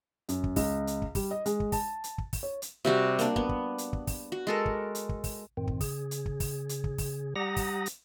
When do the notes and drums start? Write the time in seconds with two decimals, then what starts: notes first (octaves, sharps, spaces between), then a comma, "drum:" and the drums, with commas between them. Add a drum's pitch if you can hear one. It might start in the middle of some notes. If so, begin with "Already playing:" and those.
0.29 F#2, drum: hi-hat
0.44 drum: kick
0.56 C#2, drum: kick, open hi-hat
0.87 drum: hi-hat
1.02 drum: kick
1.15 G3, drum: kick, open hi-hat
1.31 D#5
1.46 G#3, drum: hi-hat
1.60 drum: kick
1.72 A5, drum: kick, open hi-hat
2.04 drum: hi-hat
2.18 drum: kick
2.33 drum: kick, open hi-hat
2.43 C#5
2.62 drum: hi-hat
2.85 C3 G3 F#4 G4
3.19 A#3 D4, drum: hi-hat
3.36 B3, drum: kick
3.49 drum: kick
3.78 drum: hi-hat
3.93 drum: kick
4.07 drum: kick, open hi-hat
4.32 F#4
4.47 G#3 A4 A#4
4.66 drum: kick
4.95 drum: hi-hat
5.09 drum: kick
5.24 drum: kick, open hi-hat
5.57 F#2 A2 D#3 C4
5.67 drum: kick
5.81 C#3 G#4, drum: kick, open hi-hat
6.11 drum: hi-hat
6.26 drum: kick
6.40 drum: kick, open hi-hat
6.69 drum: hi-hat
6.84 drum: kick
6.98 drum: kick, open hi-hat
7.36 G3 G4 F#5 A#5 D#6 A#6
7.57 drum: kick, open hi-hat
7.86 drum: hi-hat